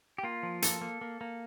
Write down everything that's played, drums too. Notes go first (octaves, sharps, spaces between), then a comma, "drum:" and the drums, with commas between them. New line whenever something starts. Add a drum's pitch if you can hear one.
G4
A#3 F4
F3
A#3 A4, drum: hi-hat
A#3
A#3
A#3